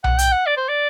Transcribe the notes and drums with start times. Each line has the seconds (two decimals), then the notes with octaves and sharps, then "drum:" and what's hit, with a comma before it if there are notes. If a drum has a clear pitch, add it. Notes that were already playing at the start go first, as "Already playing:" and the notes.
0.04 F#5, drum: tom B1
0.19 G5, drum: hi-hat
0.32 F#5
0.46 D5
0.57 C5
0.69 D5